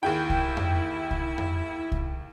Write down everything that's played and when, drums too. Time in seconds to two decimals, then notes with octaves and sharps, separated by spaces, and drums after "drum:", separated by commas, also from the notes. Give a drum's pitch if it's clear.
0.03 D#2 E4 G#4 G5
0.30 drum: kick C2
0.57 drum: tom F2
1.11 drum: kick C2
1.38 drum: tom F2
1.92 drum: kick C2